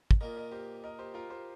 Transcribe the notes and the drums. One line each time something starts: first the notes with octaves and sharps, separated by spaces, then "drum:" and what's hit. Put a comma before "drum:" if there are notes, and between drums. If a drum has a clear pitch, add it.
drum: kick
A#2 A#3 D#4 A#4 D#5
A#4 D#5
G4 C5
A#4 D#5
G4 C5
F4 A#4
G4 C5